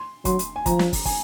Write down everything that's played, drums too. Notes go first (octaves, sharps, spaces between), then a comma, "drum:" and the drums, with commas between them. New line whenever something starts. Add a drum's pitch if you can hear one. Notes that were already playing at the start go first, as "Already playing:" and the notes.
Already playing: C6
F#3 C6, drum: kick, hi-hat
drum: hi-hat
G#5
F3 A#5, drum: kick, hi-hat
drum: snare
drum: kick, open hi-hat
G#5, drum: kick, open hi-hat